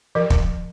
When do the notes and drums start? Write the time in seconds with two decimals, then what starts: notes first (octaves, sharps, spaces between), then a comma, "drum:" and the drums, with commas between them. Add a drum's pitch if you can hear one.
0.15 F3 A#4
0.30 drum: kick